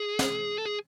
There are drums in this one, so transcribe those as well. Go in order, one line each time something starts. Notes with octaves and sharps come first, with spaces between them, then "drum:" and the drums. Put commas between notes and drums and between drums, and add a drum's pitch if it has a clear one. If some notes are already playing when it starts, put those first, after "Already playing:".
Already playing: G#4
drum: snare
A4
G#4